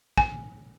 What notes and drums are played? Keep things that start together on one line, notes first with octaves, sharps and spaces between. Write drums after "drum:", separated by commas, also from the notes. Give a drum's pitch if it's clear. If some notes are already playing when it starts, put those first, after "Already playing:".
G#5, drum: kick